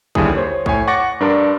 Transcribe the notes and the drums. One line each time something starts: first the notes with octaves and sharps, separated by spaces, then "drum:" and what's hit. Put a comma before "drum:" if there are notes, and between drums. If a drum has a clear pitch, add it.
D#2 D3 G3 E4 G#4 D#6, drum: kick
C5 C#5
A2 C#5 G#5, drum: kick
F#5 C#6 D6 A6 A#6 C#7
G2 D4 A#4 D5 C6